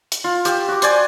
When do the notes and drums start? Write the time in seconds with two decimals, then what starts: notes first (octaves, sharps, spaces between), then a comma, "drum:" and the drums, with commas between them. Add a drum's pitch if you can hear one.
0.12 drum: hi-hat
0.24 F4
0.45 G4 E6, drum: hi-hat
0.68 F#4 D6
0.82 C5 D5 G#5, drum: hi-hat